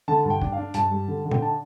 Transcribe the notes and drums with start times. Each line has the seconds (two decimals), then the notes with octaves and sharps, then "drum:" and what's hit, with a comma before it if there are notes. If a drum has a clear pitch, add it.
0.08 D3 A5
0.25 G2 A5
0.30 G5
0.42 D4, drum: kick
0.52 F5
0.58 D4
0.74 G2 A5, drum: hi-hat
0.91 G3
1.08 D3
1.25 D3
1.31 G5, drum: tom A#2
1.41 D4 A5